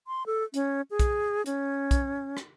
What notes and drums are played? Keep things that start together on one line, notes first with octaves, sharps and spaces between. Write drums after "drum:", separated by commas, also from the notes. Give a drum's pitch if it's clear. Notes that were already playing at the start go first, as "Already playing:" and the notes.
C6
A4
C#4, drum: hi-hat
G#4
drum: kick, hi-hat
C#4, drum: hi-hat
drum: kick, hi-hat
drum: rim click